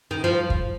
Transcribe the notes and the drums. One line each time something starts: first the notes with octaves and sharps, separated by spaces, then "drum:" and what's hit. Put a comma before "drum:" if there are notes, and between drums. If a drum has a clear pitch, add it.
D#3
F3
drum: kick